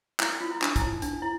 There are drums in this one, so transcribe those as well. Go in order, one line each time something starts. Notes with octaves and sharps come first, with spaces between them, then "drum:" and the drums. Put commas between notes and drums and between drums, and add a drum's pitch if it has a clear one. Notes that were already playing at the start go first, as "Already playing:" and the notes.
E4, drum: clap
E4
F4
E4
D4, drum: clap
E4, drum: kick, hi-hat
D#4
D4, drum: hi-hat
E4